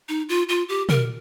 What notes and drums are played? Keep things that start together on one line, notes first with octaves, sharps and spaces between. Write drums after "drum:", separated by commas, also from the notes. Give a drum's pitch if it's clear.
D#4
F4
F4
G4
A#4, drum: tom